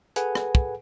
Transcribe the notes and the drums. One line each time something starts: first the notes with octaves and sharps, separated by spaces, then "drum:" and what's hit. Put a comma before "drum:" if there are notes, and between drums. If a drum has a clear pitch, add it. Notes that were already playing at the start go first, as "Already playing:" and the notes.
G#4 A4 B4 F#5 G#5, drum: hi-hat
drum: rim click
drum: kick